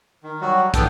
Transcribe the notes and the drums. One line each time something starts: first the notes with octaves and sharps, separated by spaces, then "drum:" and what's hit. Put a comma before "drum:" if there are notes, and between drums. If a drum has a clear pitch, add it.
D#3
F#3 G3 F#4
A2 B3 D4 A4 G5, drum: kick, hi-hat